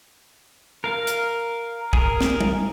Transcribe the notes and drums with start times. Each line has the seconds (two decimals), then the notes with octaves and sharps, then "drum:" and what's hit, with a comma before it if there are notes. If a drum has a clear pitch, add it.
0.84 A#4 F5
1.07 drum: hi-hat
1.93 G#4 A#4, drum: kick
2.21 drum: snare
2.41 drum: tom G3